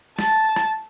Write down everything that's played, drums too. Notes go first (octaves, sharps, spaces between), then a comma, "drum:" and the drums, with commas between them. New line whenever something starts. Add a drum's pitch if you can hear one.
A5, drum: snare
drum: rim click